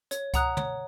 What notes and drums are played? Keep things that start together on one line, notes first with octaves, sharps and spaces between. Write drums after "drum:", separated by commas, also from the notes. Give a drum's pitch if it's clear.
C#5, drum: hi-hat
F#5 A#5 D#6 F#6, drum: kick C#2, hi-hat
C#5, drum: tom